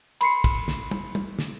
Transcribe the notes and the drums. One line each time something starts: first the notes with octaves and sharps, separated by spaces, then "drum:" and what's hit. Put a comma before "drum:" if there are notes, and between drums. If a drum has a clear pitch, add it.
B5 C6 C7 C#7, drum: cymbal
drum: kick, cymbal
drum: snare
drum: tom
drum: tom
drum: snare